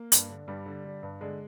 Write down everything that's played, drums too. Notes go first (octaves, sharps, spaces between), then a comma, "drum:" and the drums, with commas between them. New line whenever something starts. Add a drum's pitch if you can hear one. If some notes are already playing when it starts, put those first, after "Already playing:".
Already playing: A#3
G2, drum: hi-hat
D3
G2 G3
D3
D3
G2
D3 G#3